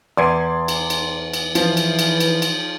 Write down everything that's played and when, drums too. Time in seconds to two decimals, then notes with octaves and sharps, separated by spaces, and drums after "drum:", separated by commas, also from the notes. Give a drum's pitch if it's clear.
0.17 E2 D5 C6 G#6
0.68 drum: cymbal
0.90 drum: cymbal
1.34 drum: cymbal
1.55 E3 F3 F4, drum: cymbal
1.77 drum: cymbal
1.99 drum: cymbal
2.20 drum: cymbal
2.42 drum: cymbal